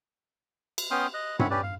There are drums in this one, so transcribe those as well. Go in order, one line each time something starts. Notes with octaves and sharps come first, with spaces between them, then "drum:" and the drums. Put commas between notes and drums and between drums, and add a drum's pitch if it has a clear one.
drum: cymbal
B3 C#4 G5 C6 D#6 F6
D#5 F#6
C4 C#4 E4 C#5 F#5 B5, drum: tom G2
C#4 G4 B4 D5
F5